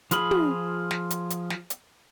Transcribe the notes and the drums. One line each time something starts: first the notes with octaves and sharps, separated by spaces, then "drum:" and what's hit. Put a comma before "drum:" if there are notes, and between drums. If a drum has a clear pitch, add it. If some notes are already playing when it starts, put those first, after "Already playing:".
F3 F4 G#4 B5, drum: hi-hat
drum: tom
drum: snare
drum: hi-hat
drum: hi-hat
drum: snare
drum: hi-hat